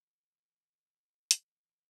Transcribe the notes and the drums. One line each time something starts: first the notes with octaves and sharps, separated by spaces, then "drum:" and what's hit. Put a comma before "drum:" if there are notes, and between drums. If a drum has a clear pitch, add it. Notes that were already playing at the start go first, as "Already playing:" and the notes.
Already playing: E3
E3
F3
E3
E3, drum: hi-hat
E3